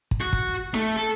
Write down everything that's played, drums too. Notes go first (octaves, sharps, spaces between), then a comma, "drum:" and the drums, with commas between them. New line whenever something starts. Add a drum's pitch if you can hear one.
drum: kick
F#4
drum: kick
A3, drum: snare D#4
A4